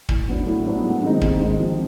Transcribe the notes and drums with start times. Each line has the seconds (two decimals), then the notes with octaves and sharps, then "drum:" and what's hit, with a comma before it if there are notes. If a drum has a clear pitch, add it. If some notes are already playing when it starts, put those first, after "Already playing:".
0.09 A2, drum: kick
0.28 F#3 B3 D4
0.47 A2
0.66 F#3 B3 D4
0.84 G#2
1.02 D#3 G#3 C4 D#4
1.21 G#2, drum: kick
1.40 D#3 G#3 C4 D#4
1.60 F3